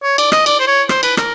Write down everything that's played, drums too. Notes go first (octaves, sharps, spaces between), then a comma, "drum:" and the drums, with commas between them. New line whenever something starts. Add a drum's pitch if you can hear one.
C#5
D5, drum: cymbal
D#5, drum: rim click
D5, drum: cymbal
C5
C#5
C5, drum: rim click
B4, drum: cymbal
A#4, drum: rim click